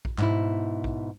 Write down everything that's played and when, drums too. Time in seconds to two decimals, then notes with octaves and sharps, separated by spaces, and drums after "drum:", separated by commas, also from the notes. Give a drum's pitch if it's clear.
0.05 drum: kick A#1
0.18 G#2 B2 E4, drum: clap
0.84 drum: kick A#1